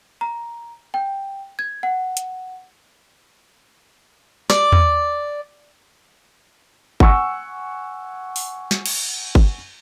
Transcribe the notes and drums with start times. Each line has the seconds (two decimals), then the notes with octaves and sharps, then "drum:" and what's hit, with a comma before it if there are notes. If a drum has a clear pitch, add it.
0.21 A#5
0.94 G5
1.59 G#6
1.83 F#5
2.17 drum: hi-hat
4.50 D5, drum: snare
4.72 drum: tom E2
7.00 F#5 G#5 C#6 E6, drum: kick G1
8.36 drum: open hi-hat
8.71 drum: snare
8.86 drum: cymbal
9.35 drum: kick G1